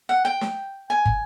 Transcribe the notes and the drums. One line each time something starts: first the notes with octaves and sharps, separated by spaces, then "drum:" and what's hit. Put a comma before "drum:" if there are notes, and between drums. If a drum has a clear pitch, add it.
F#5
G5
drum: snare
G#5
drum: kick